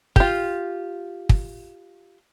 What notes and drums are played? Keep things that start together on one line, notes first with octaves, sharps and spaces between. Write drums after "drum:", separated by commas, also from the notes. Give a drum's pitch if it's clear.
F4 G4, drum: kick
drum: kick